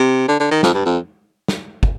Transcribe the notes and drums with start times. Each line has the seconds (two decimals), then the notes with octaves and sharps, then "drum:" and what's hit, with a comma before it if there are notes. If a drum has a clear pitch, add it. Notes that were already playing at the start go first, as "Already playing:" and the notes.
Already playing: C3
0.28 D3
0.40 D3
0.51 D#3
0.63 F2, drum: snare
0.74 G2
0.86 F2
1.48 drum: snare
1.83 drum: kick